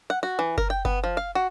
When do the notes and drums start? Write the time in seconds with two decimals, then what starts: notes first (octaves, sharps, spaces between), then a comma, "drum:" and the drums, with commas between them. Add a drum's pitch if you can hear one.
0.10 F#5
0.23 F#4
0.39 E3
0.58 A#4, drum: kick F#1
0.70 G5
0.85 B3, drum: kick F#1
1.04 F3
1.17 F5
1.35 F#4